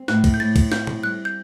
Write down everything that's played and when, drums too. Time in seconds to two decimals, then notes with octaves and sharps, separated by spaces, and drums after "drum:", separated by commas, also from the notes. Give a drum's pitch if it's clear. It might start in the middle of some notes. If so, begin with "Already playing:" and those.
Already playing: C4
0.08 A2 F#6, drum: snare
0.24 drum: kick, cymbal
0.34 G6
0.40 A2 A6
0.56 drum: kick, cymbal
0.72 C4 G6, drum: snare
0.87 drum: tom
1.03 G3 F#6
1.25 G6